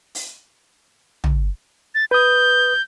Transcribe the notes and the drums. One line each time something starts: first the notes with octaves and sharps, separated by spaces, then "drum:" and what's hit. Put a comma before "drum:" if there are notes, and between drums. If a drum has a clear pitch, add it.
drum: open hi-hat
drum: tom
A6
B4 D#6 G6